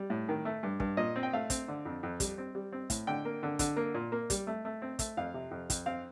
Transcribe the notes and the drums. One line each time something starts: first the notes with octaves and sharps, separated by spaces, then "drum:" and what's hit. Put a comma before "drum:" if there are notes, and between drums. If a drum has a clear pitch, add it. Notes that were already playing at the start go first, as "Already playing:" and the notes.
Already playing: G3
A2
D#3
A3
G2
G2, drum: kick
A#2 D#5
C4
G5
A3 F5
C4, drum: kick, hi-hat
D3
F2
F2
G3, drum: kick, hi-hat
C4
G3
C4
A2, drum: kick, hi-hat
D3 G5
A#3
D3
D3, drum: kick, hi-hat
A#3
A#2
A#3
G3, drum: kick, hi-hat
A3
A3
C4
A3, drum: kick, hi-hat
F2 F5
C3
F2
F2, drum: kick, hi-hat
C4 F5